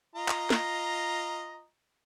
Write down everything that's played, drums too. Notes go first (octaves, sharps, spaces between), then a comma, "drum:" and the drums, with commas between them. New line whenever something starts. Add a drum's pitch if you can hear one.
F4 D#5 A#5
drum: clap
drum: snare